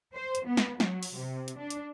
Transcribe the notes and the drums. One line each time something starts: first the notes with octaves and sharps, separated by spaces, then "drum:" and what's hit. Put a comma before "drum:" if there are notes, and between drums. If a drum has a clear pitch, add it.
C5
drum: hi-hat
B3
drum: snare
F#3, drum: snare
drum: open hi-hat
C3
drum: hi-hat
D4
drum: hi-hat